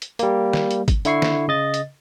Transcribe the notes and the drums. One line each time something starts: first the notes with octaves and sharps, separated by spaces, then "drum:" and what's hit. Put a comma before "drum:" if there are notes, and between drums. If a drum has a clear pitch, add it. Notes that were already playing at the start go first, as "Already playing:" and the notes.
drum: hi-hat
G3 A#3, drum: hi-hat
drum: snare
drum: hi-hat
drum: kick, hi-hat
D3 E4 C#6 C7, drum: hi-hat
drum: snare
C#3 D#5 A6
drum: hi-hat